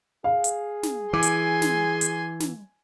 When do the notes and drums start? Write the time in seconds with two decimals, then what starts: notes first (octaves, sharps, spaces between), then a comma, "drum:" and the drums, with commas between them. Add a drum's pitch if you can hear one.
0.24 G#4 F5
0.44 drum: hi-hat
0.83 drum: snare
1.13 E3 G#5 C6 D6
1.23 drum: hi-hat
1.62 drum: snare
2.01 drum: hi-hat
2.40 drum: snare